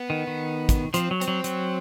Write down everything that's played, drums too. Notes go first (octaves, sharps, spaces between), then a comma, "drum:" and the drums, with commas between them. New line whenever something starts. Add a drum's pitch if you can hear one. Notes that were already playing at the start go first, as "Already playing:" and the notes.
Already playing: B3
D#3
D#3
drum: kick, hi-hat
F3 C4, drum: hi-hat
F#3
C4, drum: hi-hat
F#3
F#3, drum: hi-hat